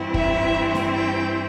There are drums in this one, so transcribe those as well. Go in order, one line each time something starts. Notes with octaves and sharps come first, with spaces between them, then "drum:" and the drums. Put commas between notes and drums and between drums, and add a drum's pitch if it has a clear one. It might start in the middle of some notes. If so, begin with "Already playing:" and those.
Already playing: G2 E3 C4 E4
E5, drum: kick
drum: snare
G5